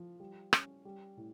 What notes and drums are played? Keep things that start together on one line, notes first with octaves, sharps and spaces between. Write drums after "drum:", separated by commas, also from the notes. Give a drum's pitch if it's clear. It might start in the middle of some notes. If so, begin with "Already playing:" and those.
Already playing: F3
G3
C#4, drum: rim click
G3
A2